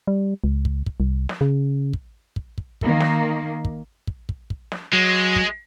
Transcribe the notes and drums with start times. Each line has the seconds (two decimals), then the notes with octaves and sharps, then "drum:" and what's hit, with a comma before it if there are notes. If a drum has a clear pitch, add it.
0.07 G3
0.44 C#2
0.65 drum: kick
0.86 drum: kick
1.00 C2
1.29 drum: snare
1.41 C#3
1.93 drum: kick
2.36 drum: kick
2.58 drum: kick
2.81 D#3 A#3, drum: kick
3.00 drum: snare
3.65 drum: kick
4.07 drum: kick
4.29 drum: kick
4.50 drum: kick
4.72 drum: snare
4.93 F#3 G#3
5.36 drum: kick